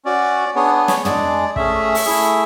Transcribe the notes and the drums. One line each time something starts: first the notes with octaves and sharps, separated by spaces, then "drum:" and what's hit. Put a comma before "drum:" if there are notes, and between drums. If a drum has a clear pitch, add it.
C#4 F#4 D5
B3 D4 G#4 C#5
C#5, drum: snare
G#3 D4 G#4 D5, drum: tom
A3 C#4 G#4 E5, drum: kick
drum: open hi-hat
A3 E4 G#4